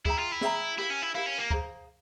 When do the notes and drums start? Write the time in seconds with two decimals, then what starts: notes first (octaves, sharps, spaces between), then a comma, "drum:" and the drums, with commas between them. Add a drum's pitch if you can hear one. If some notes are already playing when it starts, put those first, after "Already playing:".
0.05 E4 G#4 E5 G5 A#5, drum: kick C#2
0.19 F4
0.32 E4
0.41 G#4 E5 G5 A#5, drum: snare
0.78 E4 G4 A#4 F5
0.90 C#4
1.02 E4
1.14 E4 G4 A#4 F5
1.26 C#4
1.38 A#3
1.50 G#4 C5 F5 A#5, drum: kick C#2